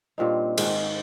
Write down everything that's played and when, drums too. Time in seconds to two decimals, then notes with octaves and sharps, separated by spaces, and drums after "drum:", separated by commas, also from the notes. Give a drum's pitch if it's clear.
0.18 G2 A#2 C4 D#4
0.58 G#2 D#3 E5 F#5, drum: cymbal